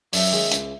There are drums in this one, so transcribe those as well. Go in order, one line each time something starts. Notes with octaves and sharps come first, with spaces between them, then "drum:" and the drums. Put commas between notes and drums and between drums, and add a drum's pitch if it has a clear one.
F#2 E5, drum: open hi-hat
D#3 G#3 C#4 G#4
C#2, drum: hi-hat